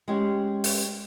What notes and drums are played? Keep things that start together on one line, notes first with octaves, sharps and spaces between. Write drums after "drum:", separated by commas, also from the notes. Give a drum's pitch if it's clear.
G#3 C#4 G4
drum: open hi-hat